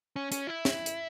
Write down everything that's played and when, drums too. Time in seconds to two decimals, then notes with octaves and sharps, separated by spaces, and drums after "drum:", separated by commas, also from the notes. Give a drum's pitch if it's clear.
0.16 C#4
0.32 C#4, drum: hi-hat
0.47 E4
0.65 drum: snare
0.86 drum: hi-hat